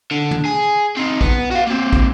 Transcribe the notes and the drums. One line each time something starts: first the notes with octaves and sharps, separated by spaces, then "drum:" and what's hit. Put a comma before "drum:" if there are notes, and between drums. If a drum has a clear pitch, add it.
D3
drum: tom
G#4
C4 D#4
B3, drum: kick
F#4 F5
A#3 C4
drum: kick